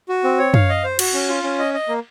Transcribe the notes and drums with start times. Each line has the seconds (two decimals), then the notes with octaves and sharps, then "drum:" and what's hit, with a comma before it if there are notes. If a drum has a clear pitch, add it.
0.09 F#4
0.24 C4
0.38 C#5
0.54 F5, drum: tom F#2
0.69 D#5
0.84 C5
0.99 F#4, drum: cymbal
1.14 C#4
1.29 F4
1.43 C#4
1.59 D#5
1.74 D#5
1.88 A#3